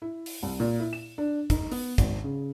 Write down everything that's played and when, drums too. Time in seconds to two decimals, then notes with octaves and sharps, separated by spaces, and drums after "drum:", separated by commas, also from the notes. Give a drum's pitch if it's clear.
0.02 E4
0.26 drum: open hi-hat
0.43 C2
0.60 A#2
0.80 E4
0.93 E7
1.18 D4
1.50 D#4, drum: kick, hi-hat
1.72 B3, drum: open hi-hat
1.98 G#1, drum: kick, hi-hat
2.24 C#3